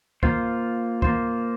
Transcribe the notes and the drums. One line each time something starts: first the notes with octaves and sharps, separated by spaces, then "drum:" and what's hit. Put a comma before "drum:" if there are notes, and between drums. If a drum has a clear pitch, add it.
A#3 F4 C5, drum: kick C2
A#3 F4 C5, drum: kick C2